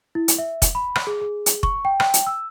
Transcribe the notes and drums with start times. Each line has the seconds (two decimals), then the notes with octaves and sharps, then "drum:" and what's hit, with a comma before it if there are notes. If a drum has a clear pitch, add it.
0.15 E4
0.28 drum: hi-hat
0.38 E5
0.62 drum: kick F1, hi-hat
0.75 B5
0.95 drum: rim click
1.07 G#4
1.21 G#4
1.46 drum: hi-hat
1.63 C#6, drum: kick F1
1.85 G5
2.00 G5, drum: rim click
2.14 drum: hi-hat
2.27 E6